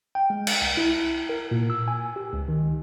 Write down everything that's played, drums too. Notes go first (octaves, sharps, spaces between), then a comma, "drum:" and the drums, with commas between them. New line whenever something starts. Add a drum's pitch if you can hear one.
G5
G#3
drum: cymbal
C2
E4
A#4
A#2
E6
G#5
G4
C#2
D#3